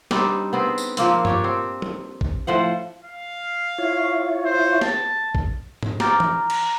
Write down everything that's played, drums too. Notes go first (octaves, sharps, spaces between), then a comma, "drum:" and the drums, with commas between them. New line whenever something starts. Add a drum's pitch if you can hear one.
G3 C4 D4 D#4, drum: snare
B3 C4 G#4
drum: tambourine
A#2 F3 A#3 C4, drum: hi-hat
D4 G4 C#5, drum: tom G2
C4
drum: tom
drum: kick A1
A2 F3 C5 F#5
F5
E4 F4 C#5
C5
A5, drum: snare
drum: kick A1
drum: tom G#2
A#5 D6 E6 F6 G6 A6, drum: snare
drum: tom E3
drum: cymbal